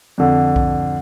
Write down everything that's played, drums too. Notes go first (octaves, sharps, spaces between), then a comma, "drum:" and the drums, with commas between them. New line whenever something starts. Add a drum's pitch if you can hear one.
F2 D3
drum: kick B1